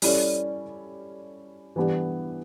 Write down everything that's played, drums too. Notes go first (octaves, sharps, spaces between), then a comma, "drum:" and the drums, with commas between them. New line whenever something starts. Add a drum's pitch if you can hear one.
G3 C#4 E4 A4 D5, drum: open hi-hat
E3 G3 B3 D4 G4